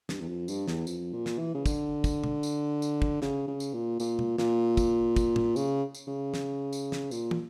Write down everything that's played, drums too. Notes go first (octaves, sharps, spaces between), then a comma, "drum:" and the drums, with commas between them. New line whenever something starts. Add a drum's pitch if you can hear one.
G2, drum: snare
E2
F2
G2, drum: tambourine
E2, drum: snare
F2, drum: tambourine
A#2
drum: snare
E3
C#3
D3, drum: kick, tambourine
drum: kick, tambourine
drum: tom B2
drum: tambourine
drum: tambourine
drum: kick
C#3, drum: snare
C#3
drum: tambourine
A#2
A#2, drum: tambourine
drum: tom B2
A#2, drum: snare
drum: kick, tambourine
drum: kick, tambourine
drum: tom A2
C#3, drum: tambourine
drum: tambourine
C#3
drum: snare
drum: tambourine
drum: snare
A#2, drum: tambourine
drum: tom